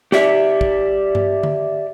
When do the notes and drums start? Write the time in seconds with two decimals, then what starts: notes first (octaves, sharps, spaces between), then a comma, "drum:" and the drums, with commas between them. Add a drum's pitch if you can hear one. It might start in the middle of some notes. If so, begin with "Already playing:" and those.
0.12 G4 D5 E5, drum: snare
0.61 drum: kick
1.15 drum: tom G2
1.43 drum: tom D3